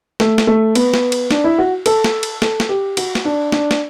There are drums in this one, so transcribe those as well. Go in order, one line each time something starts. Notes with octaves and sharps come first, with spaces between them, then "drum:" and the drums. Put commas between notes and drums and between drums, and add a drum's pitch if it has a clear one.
A3, drum: snare
drum: snare
A3
B3, drum: cymbal
drum: snare
drum: cymbal
D4, drum: snare
E4
F#4
A4, drum: cymbal
drum: snare
drum: cymbal
A4, drum: snare
drum: snare
G4
F#4, drum: cymbal
drum: snare
D4
D4, drum: snare
drum: snare